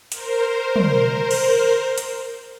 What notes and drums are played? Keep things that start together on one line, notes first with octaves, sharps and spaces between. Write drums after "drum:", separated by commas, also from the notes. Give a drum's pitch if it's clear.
A#4 C5, drum: hi-hat
drum: tom
drum: cymbal
drum: hi-hat